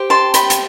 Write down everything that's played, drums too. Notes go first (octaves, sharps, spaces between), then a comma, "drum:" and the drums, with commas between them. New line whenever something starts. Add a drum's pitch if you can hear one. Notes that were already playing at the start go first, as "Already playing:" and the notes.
Already playing: G4 C5
A5 C6
G5 B5, drum: hi-hat
drum: hi-hat